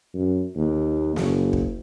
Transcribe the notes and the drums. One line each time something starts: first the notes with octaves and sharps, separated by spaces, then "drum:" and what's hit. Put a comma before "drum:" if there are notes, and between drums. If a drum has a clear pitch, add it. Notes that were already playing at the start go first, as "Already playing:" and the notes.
F#2
D#2
F#1, drum: snare
drum: kick